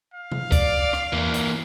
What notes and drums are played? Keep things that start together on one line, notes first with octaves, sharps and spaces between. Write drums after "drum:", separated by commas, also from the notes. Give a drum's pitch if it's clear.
F5
drum: tom C3
D5, drum: kick C#2, hi-hat
drum: rim click
E3 A#3, drum: tom E2
drum: hi-hat